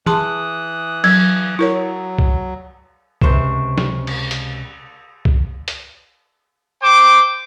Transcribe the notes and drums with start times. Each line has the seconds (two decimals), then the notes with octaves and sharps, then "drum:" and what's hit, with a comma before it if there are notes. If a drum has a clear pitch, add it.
0.06 E3 G#4 A5 C6 D#6 F#6, drum: tom
1.04 F#3 G#6, drum: cymbal
1.59 F#3 E4 A#4 C#5
2.18 drum: kick C2
3.22 C#2 C3 C5 C#6 E7, drum: kick C2
3.78 drum: snare
4.07 drum: cymbal
4.31 drum: hi-hat
5.25 drum: kick C2
5.68 drum: hi-hat
6.82 C5 G5 D6